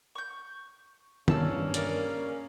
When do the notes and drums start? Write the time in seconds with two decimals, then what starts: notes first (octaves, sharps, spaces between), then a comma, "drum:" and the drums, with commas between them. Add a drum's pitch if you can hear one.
0.15 C#6 G6
1.28 G2 C#3 A#3 C#4 D5 A5 E6, drum: tom D#3
1.74 A#4 C#5 D5, drum: hi-hat